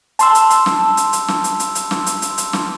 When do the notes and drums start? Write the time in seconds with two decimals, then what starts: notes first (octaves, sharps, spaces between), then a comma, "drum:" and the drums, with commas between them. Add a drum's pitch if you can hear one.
0.19 A5 C6 E6, drum: hi-hat
0.35 drum: hi-hat
0.50 drum: hi-hat
0.66 drum: snare
0.97 drum: hi-hat
1.13 drum: hi-hat
1.28 drum: snare
1.44 drum: hi-hat
1.60 drum: hi-hat
1.75 drum: hi-hat
1.91 drum: snare
2.06 drum: hi-hat
2.22 drum: hi-hat
2.38 drum: hi-hat
2.53 drum: snare